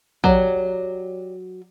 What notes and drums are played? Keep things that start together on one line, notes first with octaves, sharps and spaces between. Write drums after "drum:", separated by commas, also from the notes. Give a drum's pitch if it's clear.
F#3 G4 C#5 D5, drum: kick